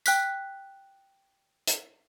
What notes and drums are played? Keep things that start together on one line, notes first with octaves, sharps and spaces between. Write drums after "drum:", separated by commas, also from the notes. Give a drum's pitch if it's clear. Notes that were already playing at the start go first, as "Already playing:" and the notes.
G5 F#6 B6, drum: tambourine
drum: hi-hat